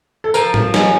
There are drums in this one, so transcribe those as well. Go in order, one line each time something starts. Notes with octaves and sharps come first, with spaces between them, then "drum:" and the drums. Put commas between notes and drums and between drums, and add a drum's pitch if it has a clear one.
A4
F3 A#4, drum: tambourine
drum: tom
C#4, drum: snare